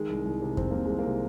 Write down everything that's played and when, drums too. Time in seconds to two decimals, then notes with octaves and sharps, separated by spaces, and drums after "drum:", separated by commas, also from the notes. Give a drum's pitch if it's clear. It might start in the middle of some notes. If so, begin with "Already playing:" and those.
Already playing: D#3 G#3
0.09 C2
0.25 C2
0.42 C3
0.57 D#3 C4, drum: kick F2
0.71 C2 A#3
0.85 C2 G#3
0.99 A#3
1.06 C3